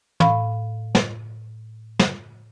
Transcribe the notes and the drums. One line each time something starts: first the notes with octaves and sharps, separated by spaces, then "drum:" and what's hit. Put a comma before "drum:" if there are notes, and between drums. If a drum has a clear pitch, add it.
A2 F5 B5, drum: tom
drum: snare
drum: snare